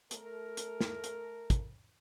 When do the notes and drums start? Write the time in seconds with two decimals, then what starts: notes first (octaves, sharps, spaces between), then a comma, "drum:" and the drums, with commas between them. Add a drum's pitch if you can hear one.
0.11 A3 A#4, drum: hi-hat
0.57 drum: hi-hat
0.81 drum: snare
1.04 drum: hi-hat
1.50 drum: kick, hi-hat